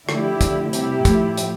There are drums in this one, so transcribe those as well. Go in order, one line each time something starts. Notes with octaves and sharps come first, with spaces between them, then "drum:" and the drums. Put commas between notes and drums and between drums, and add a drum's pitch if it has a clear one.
D3 F3 A3 E4 G4, drum: rim click
D3 F3 A3, drum: kick, hi-hat
C3 G3 E4 G4, drum: hi-hat
A2 F3 A3, drum: kick, hi-hat
drum: hi-hat